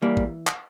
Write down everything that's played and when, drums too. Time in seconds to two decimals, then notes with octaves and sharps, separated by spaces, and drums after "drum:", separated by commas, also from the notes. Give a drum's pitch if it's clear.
0.02 E3 G3 A#3
0.17 drum: kick
0.47 drum: clap